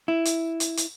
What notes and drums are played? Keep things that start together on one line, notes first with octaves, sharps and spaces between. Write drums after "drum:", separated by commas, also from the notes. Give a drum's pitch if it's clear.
E4
drum: hi-hat
drum: hi-hat
drum: hi-hat